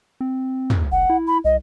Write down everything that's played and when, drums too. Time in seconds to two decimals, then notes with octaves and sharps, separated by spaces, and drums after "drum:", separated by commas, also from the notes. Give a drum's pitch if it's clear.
0.20 C4
0.70 drum: tom
0.92 F1 F#5
1.10 E4
1.27 B5
1.45 C2 D#5